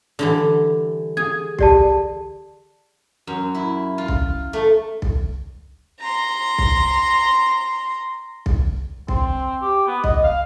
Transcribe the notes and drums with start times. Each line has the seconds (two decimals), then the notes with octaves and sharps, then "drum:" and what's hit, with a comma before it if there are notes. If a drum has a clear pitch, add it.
0.19 D3 E3 G3
1.17 G#4 G#5 G#6
1.59 G4 D5 A5, drum: kick B1
3.27 F#2
3.55 E4
3.98 F4
4.08 drum: kick B1
4.53 A3
5.02 drum: kick B1
6.00 A#5 C6
6.58 drum: kick B1
8.46 drum: kick B1
9.08 C4, drum: kick B1
9.62 G4
9.87 B3
10.04 D#5, drum: kick B1
10.24 F5